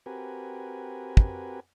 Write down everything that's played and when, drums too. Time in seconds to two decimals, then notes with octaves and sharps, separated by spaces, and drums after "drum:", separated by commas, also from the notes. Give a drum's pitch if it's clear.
0.06 C4 F#4 G4 A#4 B4 G#5
1.17 drum: kick